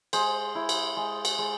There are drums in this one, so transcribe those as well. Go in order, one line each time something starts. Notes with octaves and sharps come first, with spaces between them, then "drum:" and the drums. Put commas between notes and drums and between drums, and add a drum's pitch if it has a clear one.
G#3 C5, drum: cymbal
E4
drum: cymbal
G#3
drum: cymbal
G#3